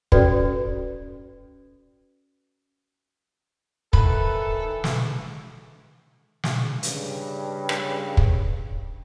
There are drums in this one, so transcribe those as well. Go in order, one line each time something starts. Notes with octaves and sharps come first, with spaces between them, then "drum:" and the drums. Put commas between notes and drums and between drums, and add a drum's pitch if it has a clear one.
C#4 F#4 A4 B4 D5, drum: kick
D#3 E3 A4 B4, drum: kick
drum: snare
drum: snare
G2 C#3, drum: hi-hat
drum: rim click
drum: kick